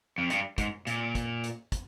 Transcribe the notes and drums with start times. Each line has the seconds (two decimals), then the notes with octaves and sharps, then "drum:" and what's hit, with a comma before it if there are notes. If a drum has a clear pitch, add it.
0.18 F2
0.30 G2, drum: hi-hat
0.58 G#2, drum: kick, hi-hat
0.87 A#2, drum: hi-hat
1.15 drum: kick, hi-hat
1.44 drum: hi-hat
1.72 drum: kick, hi-hat